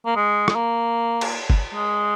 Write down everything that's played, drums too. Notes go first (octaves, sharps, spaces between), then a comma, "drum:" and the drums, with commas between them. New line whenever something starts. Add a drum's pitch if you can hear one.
A#3
G#3
G#3, drum: rim click
A#3
drum: cymbal
drum: kick G1
G#3